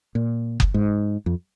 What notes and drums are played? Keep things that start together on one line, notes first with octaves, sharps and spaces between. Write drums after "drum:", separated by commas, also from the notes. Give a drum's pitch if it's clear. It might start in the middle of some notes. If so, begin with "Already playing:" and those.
A#2
drum: kick F#1
G#2
F2